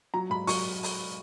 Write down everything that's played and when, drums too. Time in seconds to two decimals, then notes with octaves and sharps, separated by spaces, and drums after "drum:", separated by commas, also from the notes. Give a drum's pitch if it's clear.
0.14 F#3 A#5
0.30 G#2 B5
0.47 F#3 C#6, drum: open hi-hat
0.83 drum: open hi-hat